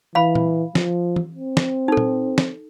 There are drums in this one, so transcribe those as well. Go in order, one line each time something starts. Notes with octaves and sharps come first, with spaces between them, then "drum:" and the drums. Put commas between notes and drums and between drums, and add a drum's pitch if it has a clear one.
E3 F5 B5
drum: tom A#2
F3, drum: snare
drum: tom
C4
drum: snare
D#4 A4
drum: tom A#2
drum: snare